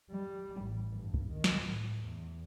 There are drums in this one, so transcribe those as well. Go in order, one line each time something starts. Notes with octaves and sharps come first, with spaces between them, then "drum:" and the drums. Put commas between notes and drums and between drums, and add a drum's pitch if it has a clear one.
G3
A1
G2
drum: kick C2
D#3
drum: snare
A2
E2